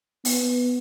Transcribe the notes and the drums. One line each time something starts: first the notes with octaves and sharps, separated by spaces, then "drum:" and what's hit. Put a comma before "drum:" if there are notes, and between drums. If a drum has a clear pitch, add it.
B3, drum: open hi-hat